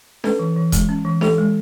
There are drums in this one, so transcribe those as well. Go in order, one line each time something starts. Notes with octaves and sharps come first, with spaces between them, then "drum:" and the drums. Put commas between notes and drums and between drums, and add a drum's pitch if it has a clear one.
C#4 A4 B4, drum: snare D4
E3
E3
G#3, drum: kick D#1, hi-hat
C#4
E3
E3 G4 A4, drum: snare D4
G#3